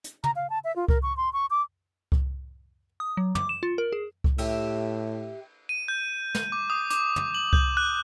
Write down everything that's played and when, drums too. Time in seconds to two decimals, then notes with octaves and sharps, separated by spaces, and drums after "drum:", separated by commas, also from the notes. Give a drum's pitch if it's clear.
0.04 drum: hi-hat
0.24 A#5, drum: tom
0.36 F5
0.50 A5
0.64 E5
0.76 F4
0.88 A#4, drum: kick C2
1.02 C#6
1.17 C6
1.33 C#6
1.50 D6
2.12 drum: kick C2
3.00 D#6
3.17 F#3
3.35 D6, drum: tom
3.49 E7
3.63 F4
3.78 A#4
3.92 G#4
4.24 drum: kick C2
4.38 A2 G4 E5, drum: cymbal
5.69 D#7
5.88 G6
6.35 drum: snare
6.52 D6
6.70 D#6
6.90 D6, drum: hi-hat
7.16 drum: tom
7.34 F#7
7.53 G6, drum: kick C2
7.77 F#6